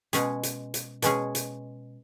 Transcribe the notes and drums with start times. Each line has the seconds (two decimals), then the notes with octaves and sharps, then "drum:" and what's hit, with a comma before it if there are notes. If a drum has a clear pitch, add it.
0.13 B2 G#3 C#4 G#4, drum: hi-hat
0.43 drum: hi-hat
0.74 drum: hi-hat
1.02 B2 G#3 C#4 G#4, drum: hi-hat
1.35 drum: hi-hat